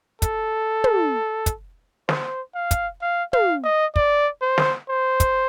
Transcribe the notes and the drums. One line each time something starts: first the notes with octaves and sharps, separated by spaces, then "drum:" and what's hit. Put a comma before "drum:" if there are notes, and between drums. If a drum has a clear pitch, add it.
A4, drum: kick, hi-hat
drum: tom
drum: kick, hi-hat
C5, drum: snare
F5
drum: kick, hi-hat
F5
F5, drum: tom
D#5
D5, drum: kick
C5
drum: snare
C5
drum: kick, hi-hat